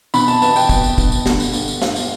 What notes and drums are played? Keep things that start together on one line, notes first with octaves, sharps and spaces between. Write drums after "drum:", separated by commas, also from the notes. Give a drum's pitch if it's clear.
B2 B5, drum: tambourine
A5, drum: tambourine
B3 A5, drum: tambourine
G5, drum: tambourine
B3, drum: kick, tambourine
drum: tambourine
B2, drum: kick, tambourine
drum: tambourine
D3, drum: snare
drum: tambourine
G2, drum: tambourine
drum: tambourine
G2 F5, drum: snare
drum: tambourine